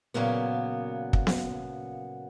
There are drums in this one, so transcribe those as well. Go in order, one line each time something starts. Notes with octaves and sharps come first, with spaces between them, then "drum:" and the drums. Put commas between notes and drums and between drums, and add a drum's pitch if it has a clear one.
A#2 C#3 F#3 A#3 B3
drum: kick
drum: snare B3